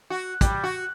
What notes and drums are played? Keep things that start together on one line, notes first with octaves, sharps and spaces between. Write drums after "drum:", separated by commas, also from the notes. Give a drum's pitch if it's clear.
F#4
G3, drum: kick, hi-hat
F#4